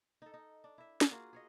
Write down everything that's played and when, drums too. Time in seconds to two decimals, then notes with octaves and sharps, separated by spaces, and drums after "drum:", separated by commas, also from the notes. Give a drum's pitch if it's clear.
0.22 D#4 A4
0.34 D#4
0.64 D4
0.78 E4 E5
1.01 drum: snare
1.10 A#3 F4 F#4 G#4
1.33 G#4 C#5 D#5